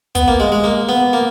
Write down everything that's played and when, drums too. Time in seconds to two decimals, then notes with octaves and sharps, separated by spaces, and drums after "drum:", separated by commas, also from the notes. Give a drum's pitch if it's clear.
0.15 B3, drum: kick, hi-hat
0.28 A#3
0.40 G#3
0.52 G#3
0.64 A#3
0.89 B3
1.13 A#3